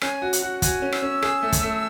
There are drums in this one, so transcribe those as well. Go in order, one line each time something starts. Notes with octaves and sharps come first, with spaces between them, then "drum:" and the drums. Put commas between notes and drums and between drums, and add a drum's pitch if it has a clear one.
C#4 G#5, drum: rim click
F#4
F#5, drum: hi-hat
F#4
F#4 G#5, drum: kick, hi-hat
C#4
E6, drum: rim click
C#4
G#4, drum: rim click
A3
drum: kick, hi-hat
A3